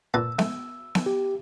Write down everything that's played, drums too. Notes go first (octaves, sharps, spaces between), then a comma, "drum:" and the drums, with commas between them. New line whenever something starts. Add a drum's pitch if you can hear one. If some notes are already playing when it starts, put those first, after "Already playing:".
A#2 B4 A5 E6
A3, drum: snare B3
drum: snare B3
G4